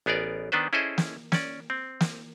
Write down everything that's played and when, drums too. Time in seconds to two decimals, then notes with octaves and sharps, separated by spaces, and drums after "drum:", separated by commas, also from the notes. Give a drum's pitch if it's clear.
0.06 A1 B3 G#4 A#4 D5
0.52 D#3 B3 D4 B4 C5
0.73 C#4 E4 G#4 A4 C5 D#5
0.98 drum: snare
1.32 C#4 D5, drum: snare
1.70 C4
2.00 drum: snare